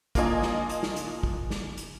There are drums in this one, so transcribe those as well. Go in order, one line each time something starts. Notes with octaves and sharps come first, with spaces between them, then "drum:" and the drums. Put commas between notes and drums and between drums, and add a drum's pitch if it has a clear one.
A#3 D4 F4 D#5 G#5, drum: kick, hi-hat
drum: snare
drum: hi-hat
drum: snare
drum: hi-hat
drum: kick
drum: snare
drum: hi-hat